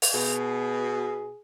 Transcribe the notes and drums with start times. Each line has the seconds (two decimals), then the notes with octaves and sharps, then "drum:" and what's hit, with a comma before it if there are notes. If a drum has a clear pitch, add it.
0.02 drum: open hi-hat
0.14 B2 G#4